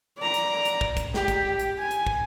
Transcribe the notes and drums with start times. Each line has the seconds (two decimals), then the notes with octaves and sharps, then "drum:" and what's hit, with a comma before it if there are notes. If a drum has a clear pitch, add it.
0.18 D5 A#5
0.34 drum: hi-hat
0.65 drum: hi-hat
0.81 drum: kick
0.97 drum: kick, hi-hat
1.14 G4, drum: snare
1.28 drum: kick, hi-hat
1.59 drum: hi-hat
1.78 G#5
1.91 drum: hi-hat
2.07 drum: kick